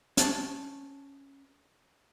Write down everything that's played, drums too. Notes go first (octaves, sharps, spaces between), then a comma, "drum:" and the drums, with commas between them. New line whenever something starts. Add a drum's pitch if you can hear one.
C#4 C5 A5, drum: hi-hat